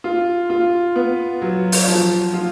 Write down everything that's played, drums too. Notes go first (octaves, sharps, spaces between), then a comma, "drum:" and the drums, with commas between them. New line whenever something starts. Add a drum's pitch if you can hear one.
F4
F4
B3
F#3
drum: open hi-hat
F3
F4